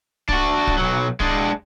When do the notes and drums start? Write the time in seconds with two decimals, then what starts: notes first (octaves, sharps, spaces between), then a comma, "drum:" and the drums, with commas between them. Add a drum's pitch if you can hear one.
0.29 D4 F#4, drum: kick D1
0.67 drum: kick D1
0.78 B1 F#3
1.20 G#3 D4, drum: kick D1